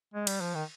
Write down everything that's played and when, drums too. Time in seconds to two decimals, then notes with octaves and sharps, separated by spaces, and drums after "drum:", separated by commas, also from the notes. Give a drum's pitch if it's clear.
0.14 G#3
0.27 G3, drum: cymbal
0.41 F3
0.54 D#3